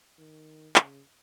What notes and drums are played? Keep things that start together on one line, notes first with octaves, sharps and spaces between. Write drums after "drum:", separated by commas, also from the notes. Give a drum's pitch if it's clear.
D#3
C#3, drum: clap